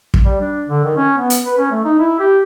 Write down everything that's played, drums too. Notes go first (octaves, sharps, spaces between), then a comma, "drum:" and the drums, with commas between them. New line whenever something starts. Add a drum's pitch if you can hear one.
drum: kick
G3
D4
D3
D#3
C#4
B3
drum: hi-hat
B4
C#4
A3
D#4
E4
G4